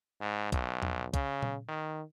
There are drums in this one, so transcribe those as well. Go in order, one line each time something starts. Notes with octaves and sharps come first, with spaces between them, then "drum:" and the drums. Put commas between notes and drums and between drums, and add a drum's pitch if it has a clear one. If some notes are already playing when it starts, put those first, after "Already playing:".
G#2
B1, drum: kick, hi-hat
drum: tom E2
C#3, drum: kick, hi-hat
drum: tom A#2
D#3